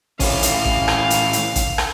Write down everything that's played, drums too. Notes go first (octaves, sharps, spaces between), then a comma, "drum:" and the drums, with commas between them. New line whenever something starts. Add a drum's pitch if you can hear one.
E3 C#4 F5, drum: kick A1, open hi-hat
drum: hi-hat
drum: kick A1
drum: rim click
drum: hi-hat
drum: hi-hat
drum: kick A1, hi-hat
drum: rim click